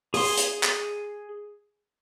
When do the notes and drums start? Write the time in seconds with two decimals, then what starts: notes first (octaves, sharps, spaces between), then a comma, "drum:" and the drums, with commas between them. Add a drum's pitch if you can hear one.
0.14 G#4 C6, drum: open hi-hat
0.37 drum: hi-hat
0.63 drum: clap